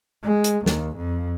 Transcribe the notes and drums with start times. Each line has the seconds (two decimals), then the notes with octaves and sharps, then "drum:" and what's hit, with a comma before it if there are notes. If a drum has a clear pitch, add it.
0.23 G#3
0.44 drum: hi-hat
0.66 D#2, drum: snare
0.97 F2